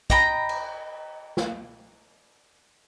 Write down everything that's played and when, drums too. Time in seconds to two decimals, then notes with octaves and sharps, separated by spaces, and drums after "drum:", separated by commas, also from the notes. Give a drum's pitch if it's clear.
0.10 D#5 G5 A#5 B5, drum: kick
0.49 drum: cymbal
1.37 drum: snare